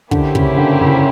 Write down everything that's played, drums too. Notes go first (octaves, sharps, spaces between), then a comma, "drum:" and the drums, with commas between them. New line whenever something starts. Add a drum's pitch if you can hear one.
D3 A#3 C#4 E4 G4 C5, drum: kick
C#3, drum: kick
D3
C#3